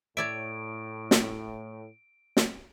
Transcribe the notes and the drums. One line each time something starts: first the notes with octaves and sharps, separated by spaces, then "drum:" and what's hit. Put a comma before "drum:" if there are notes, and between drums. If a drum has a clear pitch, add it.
A2 C#5 D5 E5 D7
drum: snare
drum: snare